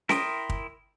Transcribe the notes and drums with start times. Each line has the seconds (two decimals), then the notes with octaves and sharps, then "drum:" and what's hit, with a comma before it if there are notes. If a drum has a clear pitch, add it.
0.09 E4 A#4 G5 C6 D#6, drum: snare C#4
0.50 drum: kick